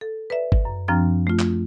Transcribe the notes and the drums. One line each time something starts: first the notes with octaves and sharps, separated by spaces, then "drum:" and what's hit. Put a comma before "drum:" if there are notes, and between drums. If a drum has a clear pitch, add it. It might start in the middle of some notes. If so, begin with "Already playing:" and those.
A4
B4 D5 E5
drum: kick
F#2
F#2 F3 C4 D4 G5 F6
A3 F4
drum: clap